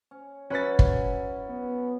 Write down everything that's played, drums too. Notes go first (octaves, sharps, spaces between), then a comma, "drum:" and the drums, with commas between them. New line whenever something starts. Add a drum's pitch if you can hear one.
C#4
F#3 C#4 E4 F#4 B4 A6 B6
drum: kick
B3